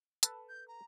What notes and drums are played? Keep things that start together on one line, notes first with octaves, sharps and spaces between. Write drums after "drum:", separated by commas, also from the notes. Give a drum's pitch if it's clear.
A4 B4 A5, drum: hi-hat
G6
A#5